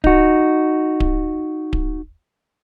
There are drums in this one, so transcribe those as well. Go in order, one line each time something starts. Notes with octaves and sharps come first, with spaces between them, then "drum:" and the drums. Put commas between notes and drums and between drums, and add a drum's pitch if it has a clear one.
D#4 F#4, drum: kick D1
drum: kick D1
drum: kick D1